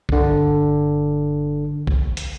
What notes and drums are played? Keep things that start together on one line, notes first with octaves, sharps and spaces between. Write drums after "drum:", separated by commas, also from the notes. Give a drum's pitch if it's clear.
G1 D3, drum: kick B1
drum: kick B1
drum: hi-hat